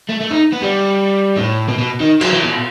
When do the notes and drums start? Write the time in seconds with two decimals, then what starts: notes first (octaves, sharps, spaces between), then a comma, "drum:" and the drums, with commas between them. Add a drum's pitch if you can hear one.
0.09 A3
0.20 A3
0.30 D#4
0.52 B3
0.62 G3
1.37 A2
1.68 B2
1.78 B2
2.00 D#3
2.21 F#3, drum: cymbal
2.33 E3
2.43 B2